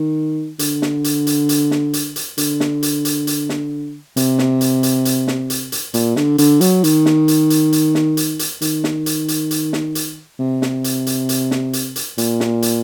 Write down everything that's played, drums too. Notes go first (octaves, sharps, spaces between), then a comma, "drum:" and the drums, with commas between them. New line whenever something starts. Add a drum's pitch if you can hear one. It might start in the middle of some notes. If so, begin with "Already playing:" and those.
Already playing: D#3
D3, drum: hi-hat
drum: snare
drum: hi-hat
drum: hi-hat
drum: hi-hat
drum: snare
drum: hi-hat
drum: hi-hat
D3, drum: hi-hat
drum: snare
drum: hi-hat
drum: hi-hat
drum: hi-hat
drum: snare
C3, drum: hi-hat
drum: snare
drum: hi-hat
drum: hi-hat
drum: hi-hat
drum: snare
drum: hi-hat
drum: hi-hat
A#2, drum: hi-hat
D3, drum: snare
D3, drum: hi-hat
F#3, drum: hi-hat
D#3, drum: hi-hat
drum: snare
drum: hi-hat
drum: hi-hat
drum: hi-hat
drum: snare
drum: hi-hat
drum: hi-hat
D#3, drum: hi-hat
drum: snare
drum: hi-hat
drum: hi-hat
drum: hi-hat
drum: snare
drum: hi-hat
C3
drum: snare
drum: hi-hat
drum: hi-hat
drum: hi-hat
drum: snare
drum: hi-hat
drum: hi-hat
A#2, drum: hi-hat
drum: snare
drum: hi-hat